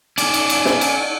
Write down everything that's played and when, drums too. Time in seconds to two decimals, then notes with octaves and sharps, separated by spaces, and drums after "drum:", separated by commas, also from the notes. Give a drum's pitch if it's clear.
0.18 C#4 D5, drum: cymbal
0.34 drum: cymbal
0.49 drum: cymbal
0.65 drum: snare
0.81 drum: cymbal